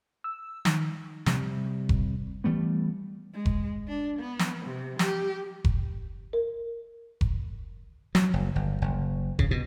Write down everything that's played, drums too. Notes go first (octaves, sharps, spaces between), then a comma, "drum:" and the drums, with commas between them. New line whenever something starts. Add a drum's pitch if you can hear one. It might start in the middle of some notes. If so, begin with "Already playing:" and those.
E6
D#3, drum: snare
C3 G3, drum: snare
drum: kick F1
E3 G3 A3 B3
G#3
drum: kick F1
D4
B3
drum: snare
C3
G4, drum: snare
drum: kick F1
A#4
drum: kick F1
F#3, drum: snare
F#1
G1
F#1
C#3, drum: kick F1
B2